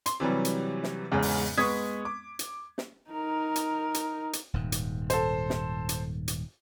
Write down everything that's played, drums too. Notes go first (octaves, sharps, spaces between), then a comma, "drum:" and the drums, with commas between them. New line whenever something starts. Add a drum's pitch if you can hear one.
C6, drum: hi-hat
C3 E3 F#3 G3
drum: hi-hat
drum: snare
E2 G#2 C#3 C#4
drum: open hi-hat
G#3 B3 C#6 D#6 G#6 B6
D6
drum: hi-hat
drum: snare
D#4 A#4
drum: hi-hat
drum: hi-hat
drum: hi-hat
D#1 G#2
drum: hi-hat
A4 C5, drum: hi-hat
drum: snare
drum: hi-hat
drum: hi-hat